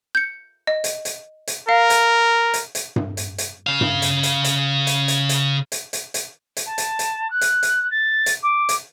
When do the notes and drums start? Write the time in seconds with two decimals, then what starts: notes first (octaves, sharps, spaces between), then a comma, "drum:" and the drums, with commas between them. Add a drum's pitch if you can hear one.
0.15 G6 C#7
0.67 D#5
0.84 drum: hi-hat
1.05 drum: hi-hat
1.47 drum: hi-hat
1.69 A#4 F5
1.90 drum: hi-hat
2.54 drum: hi-hat
2.75 drum: hi-hat
2.96 drum: tom G2
3.17 drum: hi-hat
3.38 drum: hi-hat
3.67 C#3 F5
3.81 drum: tom G2
4.02 drum: hi-hat
4.23 drum: hi-hat
4.44 drum: hi-hat
4.87 drum: hi-hat
5.08 drum: hi-hat
5.29 drum: hi-hat
5.72 drum: hi-hat
5.93 drum: hi-hat
6.14 drum: hi-hat
6.57 drum: hi-hat
6.66 A5
6.78 drum: hi-hat
6.99 drum: hi-hat
7.30 F#6
7.41 drum: hi-hat
7.63 drum: hi-hat
7.91 A6
8.26 drum: hi-hat
8.43 D6
8.69 drum: hi-hat